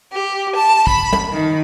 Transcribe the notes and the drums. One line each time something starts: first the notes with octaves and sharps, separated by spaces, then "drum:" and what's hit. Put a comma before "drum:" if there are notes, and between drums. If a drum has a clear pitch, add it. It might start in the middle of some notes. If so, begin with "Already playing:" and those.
G4
A5
B5, drum: kick
drum: tom
D#3